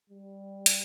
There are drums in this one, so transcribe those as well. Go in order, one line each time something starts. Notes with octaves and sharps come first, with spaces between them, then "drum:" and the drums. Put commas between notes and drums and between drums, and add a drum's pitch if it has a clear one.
G3
drum: hi-hat